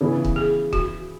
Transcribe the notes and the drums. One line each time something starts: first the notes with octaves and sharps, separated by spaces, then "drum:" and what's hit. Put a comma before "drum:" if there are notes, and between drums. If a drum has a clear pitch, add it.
C#3 E3 B3 E4
drum: kick C#1
G#4
F#4, drum: kick C#1